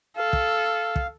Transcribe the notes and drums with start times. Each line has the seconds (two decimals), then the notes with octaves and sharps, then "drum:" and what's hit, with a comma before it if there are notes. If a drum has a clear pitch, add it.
0.17 A4 F5
0.33 drum: kick
0.96 drum: kick